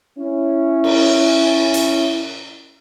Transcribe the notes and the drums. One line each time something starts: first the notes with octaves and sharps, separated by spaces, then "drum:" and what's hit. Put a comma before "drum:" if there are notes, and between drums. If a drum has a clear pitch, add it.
C#4 E4
drum: cymbal
drum: hi-hat